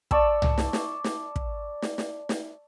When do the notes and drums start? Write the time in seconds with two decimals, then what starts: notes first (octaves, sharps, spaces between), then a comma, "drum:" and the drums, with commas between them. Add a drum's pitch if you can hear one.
0.11 D5 A5 C#6 E6, drum: kick
0.42 drum: tom C2
0.58 drum: snare
0.73 drum: snare
1.04 drum: snare
1.36 drum: kick
1.82 drum: snare
1.98 drum: snare
2.29 drum: snare